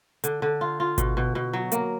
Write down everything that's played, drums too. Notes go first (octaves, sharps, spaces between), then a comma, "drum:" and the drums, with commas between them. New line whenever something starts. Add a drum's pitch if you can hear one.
D3, drum: hi-hat
D3
F4
F4
B2, drum: kick G#1, hi-hat
B2
B2
F#3
A#3, drum: hi-hat